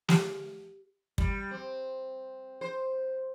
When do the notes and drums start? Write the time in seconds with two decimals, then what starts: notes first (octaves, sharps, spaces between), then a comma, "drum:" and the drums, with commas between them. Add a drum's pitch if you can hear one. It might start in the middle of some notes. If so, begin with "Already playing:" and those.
0.09 G4 C7, drum: snare
1.18 G3, drum: kick
1.51 C4
2.61 C5